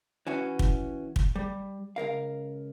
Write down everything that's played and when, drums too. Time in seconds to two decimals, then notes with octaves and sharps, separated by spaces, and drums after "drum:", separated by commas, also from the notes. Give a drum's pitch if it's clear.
0.27 E3 C#4 F#4
0.59 drum: kick
1.16 drum: kick
1.35 G3
1.96 C#2 B2 A#4 F5